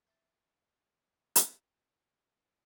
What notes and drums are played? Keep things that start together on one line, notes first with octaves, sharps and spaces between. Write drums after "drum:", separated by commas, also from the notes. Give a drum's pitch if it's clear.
C5 E5 G5 A5
drum: hi-hat